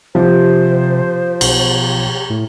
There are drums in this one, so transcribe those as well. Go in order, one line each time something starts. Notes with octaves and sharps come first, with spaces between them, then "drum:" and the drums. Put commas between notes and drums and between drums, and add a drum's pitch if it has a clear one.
C3 F3 G4 C5
B1, drum: cymbal
A2